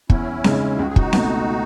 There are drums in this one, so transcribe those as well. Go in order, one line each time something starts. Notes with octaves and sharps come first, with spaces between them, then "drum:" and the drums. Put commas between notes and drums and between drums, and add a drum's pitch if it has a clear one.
E2 C#4 E4, drum: kick
C#3 G#3 D#4, drum: snare C4
C#2 F#4
G#4
D#4 F#4, drum: kick
B2 A3, drum: snare C4